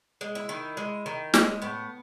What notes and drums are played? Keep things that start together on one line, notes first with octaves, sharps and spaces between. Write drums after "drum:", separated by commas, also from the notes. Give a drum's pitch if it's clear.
G#3
E4
D#3
G#3
D#3
G#3, drum: snare
A2 B3